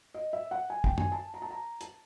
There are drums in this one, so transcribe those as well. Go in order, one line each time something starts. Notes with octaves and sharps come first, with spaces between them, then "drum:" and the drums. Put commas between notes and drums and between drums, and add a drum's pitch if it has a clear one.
D#5
E5
F#5
G#5
G5, drum: kick
G#5, drum: tom
A5
A#5
A5
A#5
A5, drum: hi-hat